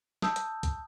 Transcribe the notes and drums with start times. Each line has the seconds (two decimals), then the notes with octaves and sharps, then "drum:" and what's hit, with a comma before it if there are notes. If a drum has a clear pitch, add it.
0.22 A5 D#6 E6 G6, drum: snare
0.36 drum: hi-hat
0.63 drum: kick B1, hi-hat